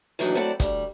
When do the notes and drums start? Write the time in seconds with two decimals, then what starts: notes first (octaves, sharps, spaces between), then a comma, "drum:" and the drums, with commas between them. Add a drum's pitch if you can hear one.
0.19 D#2 A2 E3 F#3 D4 D#4
0.35 F#3 A3 C4 E4 D5 F#5
0.60 D2 G3, drum: kick, hi-hat